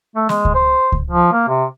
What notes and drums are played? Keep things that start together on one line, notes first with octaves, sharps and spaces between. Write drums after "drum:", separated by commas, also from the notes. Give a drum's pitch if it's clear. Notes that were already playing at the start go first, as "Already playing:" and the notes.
A3
G#3, drum: snare
drum: kick C#2
C5
drum: kick C#2
F3
A#3
C3